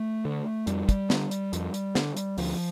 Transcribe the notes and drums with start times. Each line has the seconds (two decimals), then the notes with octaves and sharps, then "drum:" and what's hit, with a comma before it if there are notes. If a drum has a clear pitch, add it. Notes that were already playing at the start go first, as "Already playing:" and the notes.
Already playing: A3
0.25 D3
0.67 F2 G3, drum: hi-hat
0.89 drum: kick, hi-hat
1.10 D3, drum: snare
1.31 drum: hi-hat
1.53 F2, drum: hi-hat
1.74 drum: hi-hat
1.95 D3, drum: snare
2.17 drum: hi-hat
2.38 D2 F3, drum: open hi-hat